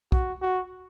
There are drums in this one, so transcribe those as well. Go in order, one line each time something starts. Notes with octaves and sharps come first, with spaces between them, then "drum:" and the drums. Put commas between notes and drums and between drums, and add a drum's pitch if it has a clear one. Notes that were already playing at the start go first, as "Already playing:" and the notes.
F#4, drum: kick
F#4